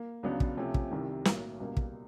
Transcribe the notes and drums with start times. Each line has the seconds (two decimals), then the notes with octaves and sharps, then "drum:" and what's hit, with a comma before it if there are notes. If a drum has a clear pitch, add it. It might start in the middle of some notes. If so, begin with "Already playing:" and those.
Already playing: A#3
0.23 C#2 C#3 F#3 B3 D4
0.40 drum: kick
0.57 C3 F3 A3 C#4
0.74 drum: kick
0.91 C2 C3 D#3 G3
1.25 B1 A2 F#3 A#3, drum: snare
1.60 C#2 B2 G3 A#3
1.77 drum: kick